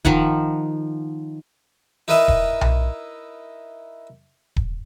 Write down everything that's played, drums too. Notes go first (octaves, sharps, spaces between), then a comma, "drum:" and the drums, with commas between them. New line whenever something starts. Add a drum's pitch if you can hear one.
D#3 F3 F#5 B5, drum: kick D#1
D#4 E4 A#4 B4 D#5 E5
drum: kick D#1
drum: tom B1
drum: kick D#1